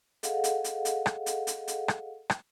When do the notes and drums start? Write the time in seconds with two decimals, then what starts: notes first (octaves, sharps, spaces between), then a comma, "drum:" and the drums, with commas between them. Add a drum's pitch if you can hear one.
0.23 G#4 A4 D#5 F5 F#5, drum: hi-hat
0.44 drum: hi-hat
0.64 drum: hi-hat
0.85 drum: hi-hat
1.06 drum: rim click
1.26 drum: hi-hat
1.47 drum: hi-hat
1.68 drum: hi-hat
1.88 drum: rim click
2.30 drum: rim click